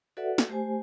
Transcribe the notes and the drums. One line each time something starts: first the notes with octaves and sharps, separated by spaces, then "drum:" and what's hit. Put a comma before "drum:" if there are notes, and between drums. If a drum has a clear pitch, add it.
F#4 A4 B4 D5 E5 F#5
drum: snare
A3 G4 C5 G#5